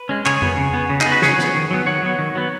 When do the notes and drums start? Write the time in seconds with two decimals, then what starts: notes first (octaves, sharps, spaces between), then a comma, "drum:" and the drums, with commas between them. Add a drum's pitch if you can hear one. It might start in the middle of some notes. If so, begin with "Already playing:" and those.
Already playing: B4
0.09 G#3 C#4
0.26 C#3 G#4 C#5, drum: clap
0.42 B3, drum: tom F2
0.57 C#3
0.73 B3
0.89 C#3
1.01 D#4 G#4, drum: clap
1.06 B3
1.11 F#4 B4
1.22 C#3 G#4 C#5, drum: snare
1.39 B3, drum: snare
1.55 D#3
1.71 F#3 B3
1.86 D#3 C#5 F#5
2.02 F#3 B3
2.18 D#3
2.35 F#3 B3